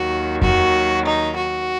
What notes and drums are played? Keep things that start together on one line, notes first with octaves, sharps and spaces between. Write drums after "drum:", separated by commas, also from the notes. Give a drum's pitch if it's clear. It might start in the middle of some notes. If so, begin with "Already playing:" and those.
Already playing: D#2 D#3 F#3 F#4
F#4, drum: kick F2
D#4
F#4